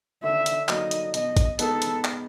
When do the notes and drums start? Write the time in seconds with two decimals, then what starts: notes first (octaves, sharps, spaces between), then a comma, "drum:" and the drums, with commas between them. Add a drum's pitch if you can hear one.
0.24 D3 E5
0.46 drum: hi-hat
0.68 F#3 A#3 D#4 D#5, drum: clap
0.91 drum: hi-hat
1.14 B2 D#5, drum: hi-hat
1.37 drum: kick, hi-hat
1.59 G#3 B3 D#4 A4, drum: hi-hat
1.82 drum: hi-hat
2.04 drum: clap